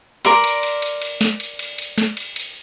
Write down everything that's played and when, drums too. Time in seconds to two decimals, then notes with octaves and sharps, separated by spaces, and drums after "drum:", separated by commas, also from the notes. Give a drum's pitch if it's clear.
0.25 A#4 D5 C6, drum: cymbal
0.44 drum: cymbal
0.63 drum: cymbal
0.82 drum: cymbal
1.02 drum: cymbal
1.21 drum: snare
1.40 drum: cymbal
1.59 drum: cymbal
1.78 drum: cymbal
1.98 drum: snare
2.17 drum: cymbal
2.36 drum: cymbal